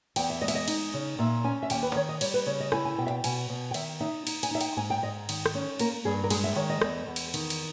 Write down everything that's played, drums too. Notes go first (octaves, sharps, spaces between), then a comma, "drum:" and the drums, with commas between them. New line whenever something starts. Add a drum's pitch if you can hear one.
E2 G5, drum: cymbal
E5
G#3 D#5
E5, drum: cymbal
D#5
D#4, drum: cymbal
C#3
A#2 E5
C#4 G#5
E5
D#2 G5, drum: cymbal
B4
D#3 C#5
D#5
G3 C#5, drum: cymbal
B4
C#3 C#5
D#5
E4 G#5, drum: rim click
G#5
B2 G5
E5
G5
B2 G#5, drum: cymbal
B2
G5
D#3 E5, drum: cymbal
D#4 E5
D#4, drum: cymbal
G#5, drum: cymbal
D#4 E5
G5, drum: cymbal
G#2 G#5
G5
G#2 D#5
D#3, drum: cymbal
drum: rim click
C#4
A#3 A#4, drum: cymbal
G2 G#4
A#4
G#3 G#4, drum: cymbal
E5
D#3 C#5
D#5
E2, drum: rim click
E2
drum: cymbal
D#3, drum: cymbal
drum: cymbal